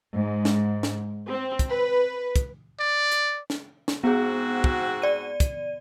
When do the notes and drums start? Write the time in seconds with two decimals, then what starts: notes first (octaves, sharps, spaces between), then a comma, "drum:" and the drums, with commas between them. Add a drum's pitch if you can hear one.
0.14 G#2
0.45 drum: snare
0.83 drum: snare
1.29 C4
1.59 drum: kick, hi-hat
1.70 B4
2.36 drum: kick, hi-hat
2.80 D5
3.12 drum: hi-hat
3.50 drum: snare
3.88 drum: snare
4.04 G#2 B3 C4 F#4 G#4
4.64 drum: kick
5.02 D5 D#7
5.40 drum: kick, hi-hat